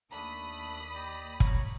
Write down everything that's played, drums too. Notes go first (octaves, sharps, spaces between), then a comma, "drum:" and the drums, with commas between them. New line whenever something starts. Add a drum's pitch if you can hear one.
D#2 A3 D4 B5 D#6
G4 D5 D#5
C#5 A#5 B5, drum: kick